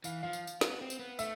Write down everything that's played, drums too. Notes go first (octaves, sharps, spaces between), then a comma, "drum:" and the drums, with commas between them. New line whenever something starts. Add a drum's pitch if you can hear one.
E3 F5, drum: tambourine
F3 F5
drum: tambourine
drum: tambourine
B3, drum: snare
C4
drum: tambourine
B3
A3 E5, drum: tambourine